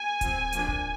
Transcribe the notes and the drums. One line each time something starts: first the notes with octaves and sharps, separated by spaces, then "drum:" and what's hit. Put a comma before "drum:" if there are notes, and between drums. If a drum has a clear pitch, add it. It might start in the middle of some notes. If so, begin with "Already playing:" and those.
Already playing: G#5
F3 C4, drum: kick D1, hi-hat
F3 A#3 D4, drum: hi-hat
drum: kick D1